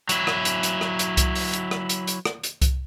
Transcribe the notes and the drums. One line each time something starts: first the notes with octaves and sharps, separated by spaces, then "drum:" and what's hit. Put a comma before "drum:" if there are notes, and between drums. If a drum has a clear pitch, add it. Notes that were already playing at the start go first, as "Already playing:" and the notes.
F#3 E4, drum: hi-hat
drum: rim click
drum: hi-hat
drum: hi-hat
drum: rim click
drum: hi-hat
drum: kick C2, hi-hat
drum: open hi-hat
drum: hi-hat
drum: rim click
drum: hi-hat
drum: hi-hat
drum: rim click
drum: hi-hat
drum: kick C2, hi-hat